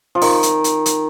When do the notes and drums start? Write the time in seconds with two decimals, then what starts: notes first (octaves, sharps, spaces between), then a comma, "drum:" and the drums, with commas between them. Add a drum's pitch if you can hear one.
0.15 F3
0.22 D#3, drum: open hi-hat
0.43 drum: hi-hat
0.64 drum: hi-hat
0.86 drum: hi-hat